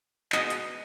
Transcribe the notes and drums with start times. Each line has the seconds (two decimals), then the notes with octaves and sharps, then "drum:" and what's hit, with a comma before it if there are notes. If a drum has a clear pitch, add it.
0.32 B2 G#3 D#5, drum: clap
0.50 drum: hi-hat